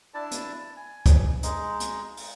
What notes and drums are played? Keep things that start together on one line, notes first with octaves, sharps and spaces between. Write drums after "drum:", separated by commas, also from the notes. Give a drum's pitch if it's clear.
D4 E4 D5 A5
drum: hi-hat
G#5
drum: kick C#2, hi-hat
G#3 D#4, drum: hi-hat
drum: hi-hat
drum: open hi-hat